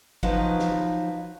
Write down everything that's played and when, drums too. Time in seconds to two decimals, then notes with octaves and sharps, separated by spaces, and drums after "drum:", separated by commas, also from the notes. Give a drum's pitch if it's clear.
0.23 F3 F#3 D#4 B4, drum: kick G1
0.59 drum: snare